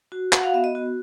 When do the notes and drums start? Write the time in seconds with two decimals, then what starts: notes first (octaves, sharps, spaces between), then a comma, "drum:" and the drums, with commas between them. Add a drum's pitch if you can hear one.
0.12 F#4
0.33 F#4 F#5, drum: clap
0.43 F5
0.53 B3 E5
0.64 D#5
0.75 F#4